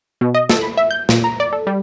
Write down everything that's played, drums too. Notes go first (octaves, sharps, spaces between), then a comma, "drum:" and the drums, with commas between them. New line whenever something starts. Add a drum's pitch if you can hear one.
B2
D#5
A4, drum: snare
B5
E5
G6
A#2, drum: snare
A#5
D5
A4
G3